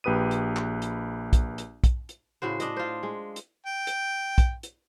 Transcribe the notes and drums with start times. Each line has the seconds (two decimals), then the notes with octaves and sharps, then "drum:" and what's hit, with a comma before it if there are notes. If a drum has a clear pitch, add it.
0.04 A#1 G4 B4 D#6 D#7
0.31 drum: hi-hat
0.56 drum: clap
0.82 drum: hi-hat
1.33 drum: kick, hi-hat
1.58 drum: hi-hat
1.84 drum: kick, hi-hat
2.09 drum: hi-hat
2.42 A2 C#3 F#4 C5
2.60 D4 D#5, drum: hi-hat
2.77 F4 C5
3.03 G#3
3.36 drum: hi-hat
3.66 G5
3.87 drum: hi-hat
4.38 drum: kick, hi-hat
4.63 drum: hi-hat